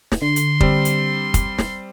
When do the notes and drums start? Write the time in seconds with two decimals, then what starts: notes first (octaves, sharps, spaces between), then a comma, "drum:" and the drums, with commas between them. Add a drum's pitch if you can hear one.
0.12 drum: snare
0.22 D3 C6
0.36 drum: hi-hat
0.60 G3 C4, drum: kick
0.85 drum: hi-hat
1.34 drum: kick, hi-hat
1.58 drum: snare